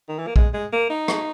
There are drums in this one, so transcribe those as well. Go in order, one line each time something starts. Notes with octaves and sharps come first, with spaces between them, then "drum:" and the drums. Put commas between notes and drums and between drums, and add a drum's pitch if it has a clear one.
D#3
E3
A#3
G#3, drum: kick
G#3
A#3
D#4
drum: rim click